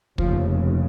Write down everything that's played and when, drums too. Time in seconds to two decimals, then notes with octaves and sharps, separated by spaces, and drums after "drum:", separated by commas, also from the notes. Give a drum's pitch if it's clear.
0.18 F1 D#2 C#3 F3, drum: kick